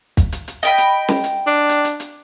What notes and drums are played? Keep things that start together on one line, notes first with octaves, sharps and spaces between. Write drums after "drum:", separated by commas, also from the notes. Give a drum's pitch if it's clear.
drum: kick, hi-hat
drum: hi-hat
drum: hi-hat
D#5 G5 B5, drum: hi-hat
drum: hi-hat
drum: snare
drum: hi-hat
D4
drum: hi-hat
drum: hi-hat
drum: hi-hat